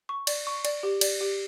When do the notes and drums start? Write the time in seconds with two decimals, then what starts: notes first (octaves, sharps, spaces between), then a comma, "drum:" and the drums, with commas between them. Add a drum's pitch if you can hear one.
0.09 C#6
0.27 D5, drum: cymbal
0.47 C#6
0.65 D5, drum: cymbal
0.83 G4
1.01 D5, drum: cymbal
1.21 G4